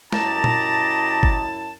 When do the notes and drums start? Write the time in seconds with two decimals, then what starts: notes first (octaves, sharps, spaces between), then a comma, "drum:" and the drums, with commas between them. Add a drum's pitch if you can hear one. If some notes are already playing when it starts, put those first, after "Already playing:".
0.13 F#2 E4 G4 D#5 A5 A#5, drum: snare
0.44 drum: tom A#2
1.23 drum: kick G1